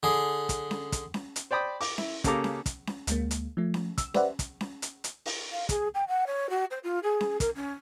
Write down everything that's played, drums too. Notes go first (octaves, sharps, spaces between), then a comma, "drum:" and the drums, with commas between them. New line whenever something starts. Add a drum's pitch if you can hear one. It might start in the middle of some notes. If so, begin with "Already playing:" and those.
D3 G#4
drum: kick, hi-hat
drum: snare C#4
drum: kick, hi-hat
drum: snare C#4
drum: hi-hat
C5 D5 G5 B5 D#6
D6, drum: open hi-hat
E4, drum: snare C#4
C#3 A#3 G4 A4 A#5 D6, drum: kick, hi-hat
drum: snare C#4
drum: kick, hi-hat
drum: snare C#4
D2 G#3 A#3, drum: hi-hat
drum: hi-hat
F3 A3
drum: snare C#4
E6, drum: kick, hi-hat
G4 B4 C5 D5 E5 F#5, drum: snare C#4
drum: kick, hi-hat
drum: snare C#4
drum: hi-hat
drum: hi-hat
drum: open hi-hat
F5
G#4, drum: kick, hi-hat
G5
F#5
C#5
F#4
C5
F4
G#4
drum: snare C#4
A#4, drum: kick, hi-hat
C#4